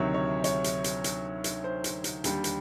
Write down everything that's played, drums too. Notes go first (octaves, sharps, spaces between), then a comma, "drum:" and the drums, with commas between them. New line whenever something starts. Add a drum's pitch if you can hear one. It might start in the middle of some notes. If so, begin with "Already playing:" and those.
Already playing: D2 C3 D#3 F#3 C#5
C#5
C#5, drum: hi-hat
drum: hi-hat
drum: hi-hat
drum: hi-hat
drum: hi-hat
C5
drum: hi-hat
drum: hi-hat
D#2 D3 G3, drum: hi-hat
drum: hi-hat